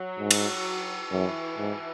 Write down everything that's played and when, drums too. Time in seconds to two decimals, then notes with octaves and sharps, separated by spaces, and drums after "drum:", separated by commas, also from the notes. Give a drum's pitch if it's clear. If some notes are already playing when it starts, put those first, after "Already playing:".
Already playing: F#3
0.18 G#2
0.31 drum: cymbal
1.11 F#2 E3
1.58 G#2